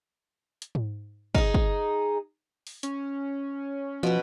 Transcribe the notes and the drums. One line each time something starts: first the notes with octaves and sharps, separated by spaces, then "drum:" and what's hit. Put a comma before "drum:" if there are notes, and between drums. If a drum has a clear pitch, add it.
drum: hi-hat
drum: tom G#2
D#4 G#4, drum: kick
drum: kick
drum: open hi-hat
C#4, drum: hi-hat
B2 F3 B3